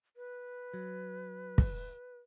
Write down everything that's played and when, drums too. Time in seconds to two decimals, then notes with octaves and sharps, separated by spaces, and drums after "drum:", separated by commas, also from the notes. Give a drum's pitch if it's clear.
0.16 B4
0.74 F#3
1.58 drum: kick